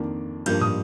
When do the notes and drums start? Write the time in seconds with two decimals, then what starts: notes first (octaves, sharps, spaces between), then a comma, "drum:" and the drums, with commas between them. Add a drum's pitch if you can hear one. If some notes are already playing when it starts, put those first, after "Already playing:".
Already playing: F2 D#3 A#3 D4
0.46 G2 F3 A#3 G6, drum: cymbal
0.61 D#6, drum: tom